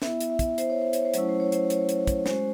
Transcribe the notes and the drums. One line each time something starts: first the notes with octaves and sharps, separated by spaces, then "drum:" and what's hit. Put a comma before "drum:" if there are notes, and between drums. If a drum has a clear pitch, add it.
B3 E4 E5, drum: snare
drum: hi-hat
E5
drum: kick, hi-hat
C5, drum: hi-hat
C#5
C5
C#5, drum: hi-hat
C5
F#3 A3 C#4 E4 C#5, drum: hi-hat
C5
C#5
C5, drum: hi-hat
C#5, drum: hi-hat
drum: hi-hat
drum: kick, hi-hat
G#3 C#4 F#4 C5, drum: snare